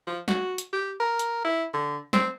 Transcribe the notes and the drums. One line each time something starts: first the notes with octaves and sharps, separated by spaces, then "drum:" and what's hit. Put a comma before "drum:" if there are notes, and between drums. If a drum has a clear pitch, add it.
F3
F#4, drum: snare
drum: hi-hat
G4
A#4
drum: hi-hat
E4
D3
C4, drum: snare